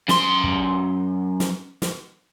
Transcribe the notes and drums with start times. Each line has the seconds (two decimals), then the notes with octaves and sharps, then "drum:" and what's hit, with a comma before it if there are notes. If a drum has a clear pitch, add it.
0.09 F#2 C6, drum: snare
0.44 drum: kick
1.40 drum: snare
1.82 drum: snare